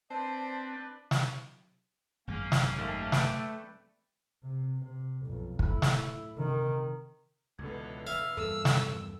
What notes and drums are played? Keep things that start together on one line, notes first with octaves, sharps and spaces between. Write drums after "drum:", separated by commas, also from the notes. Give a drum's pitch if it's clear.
C4 D4 B4 C5 D5 A5
drum: snare
G#1 F#2 G#3 A#3 C#4
drum: snare
D#2 A3
B4 D5 G5, drum: snare
C3
C3
B1 F2
A2 E4, drum: kick
drum: snare
C3 D#3
C#2 B2 D3 E3 G#6
E5 F5
E2 G2 A#3 A4 E6
drum: snare